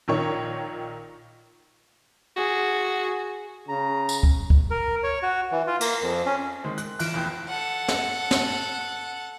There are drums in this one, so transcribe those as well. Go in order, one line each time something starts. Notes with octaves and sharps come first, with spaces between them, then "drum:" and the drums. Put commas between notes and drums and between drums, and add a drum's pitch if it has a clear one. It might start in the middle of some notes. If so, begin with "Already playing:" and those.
A#1 A#2 D#3 D#4 C#5 C#6
F#4 G#4
C#3 A#5
drum: tambourine
drum: kick
drum: kick
A#4
C#5
F#4
E3
F4
A#3, drum: cymbal
F2
C#4
D#3 G#3 C4
F#6, drum: hi-hat
E3 F4 F#6 D7, drum: cymbal
F1 E2 G5
A4 F#5
drum: snare
drum: snare